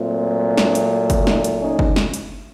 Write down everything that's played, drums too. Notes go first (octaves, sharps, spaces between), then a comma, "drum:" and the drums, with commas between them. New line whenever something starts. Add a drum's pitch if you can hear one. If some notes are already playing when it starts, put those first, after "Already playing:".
Already playing: A#2 F#3 A3 C4
C4 D4, drum: snare
drum: hi-hat
drum: kick, hi-hat
C#4 D#4, drum: snare
drum: hi-hat
C#4 D#4
drum: kick
drum: snare
drum: hi-hat